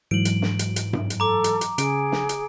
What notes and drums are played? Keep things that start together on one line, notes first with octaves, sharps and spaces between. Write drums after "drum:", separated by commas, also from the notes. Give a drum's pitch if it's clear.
G#2 E3 F#3 D7 F#7
drum: hi-hat
drum: snare
drum: hi-hat
drum: hi-hat
drum: tom G2
drum: hi-hat
A4 A#5 D6
drum: hi-hat
drum: hi-hat
C#3 G#4 D7, drum: hi-hat
drum: snare
drum: hi-hat